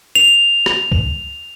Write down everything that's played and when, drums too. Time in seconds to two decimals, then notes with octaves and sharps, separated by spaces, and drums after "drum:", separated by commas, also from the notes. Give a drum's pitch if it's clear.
0.15 F7
0.66 drum: rim click
0.92 drum: kick C#2